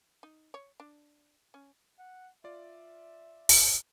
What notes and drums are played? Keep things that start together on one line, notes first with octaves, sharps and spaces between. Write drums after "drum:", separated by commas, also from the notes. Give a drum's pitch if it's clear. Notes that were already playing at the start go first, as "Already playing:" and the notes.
D#4
C#5
D4
C#4
F#5
F4 D5 E5
drum: open hi-hat